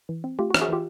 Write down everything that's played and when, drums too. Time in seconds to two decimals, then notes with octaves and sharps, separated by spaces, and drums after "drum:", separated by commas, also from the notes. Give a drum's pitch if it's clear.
0.09 E3
0.24 C4
0.39 A3 F4 G4
0.51 F#4
0.54 E3, drum: rim click
0.61 F#4 G#4
0.69 E3 F4 G4